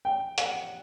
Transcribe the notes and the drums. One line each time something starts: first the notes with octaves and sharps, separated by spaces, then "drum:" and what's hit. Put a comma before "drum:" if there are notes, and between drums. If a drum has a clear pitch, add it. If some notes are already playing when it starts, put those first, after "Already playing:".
G5
F#5, drum: hi-hat